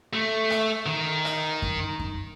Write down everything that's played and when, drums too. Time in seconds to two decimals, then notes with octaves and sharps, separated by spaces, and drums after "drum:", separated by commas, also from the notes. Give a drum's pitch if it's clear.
0.13 A3
0.50 drum: rim click
0.86 D#3
1.25 drum: rim click
1.62 drum: kick F#2
1.99 drum: kick F#2